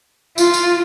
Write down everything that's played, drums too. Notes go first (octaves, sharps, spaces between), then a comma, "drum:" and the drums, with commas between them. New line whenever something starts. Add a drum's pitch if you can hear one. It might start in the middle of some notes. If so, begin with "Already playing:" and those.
F4, drum: tambourine
drum: tambourine